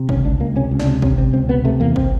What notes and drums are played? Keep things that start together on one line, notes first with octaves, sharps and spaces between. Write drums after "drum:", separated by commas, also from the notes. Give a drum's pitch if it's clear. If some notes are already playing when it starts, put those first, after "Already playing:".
Already playing: C3
C#2 C#4, drum: kick G#1
C#2 D4
C#2 A#3
C3 C#4
C#2
D4, drum: snare
C3
C3 C#4, drum: kick G#1
C3 C4
C#2 C4
C3 B3
C3 A3
E2 A#3
C4, drum: kick G#1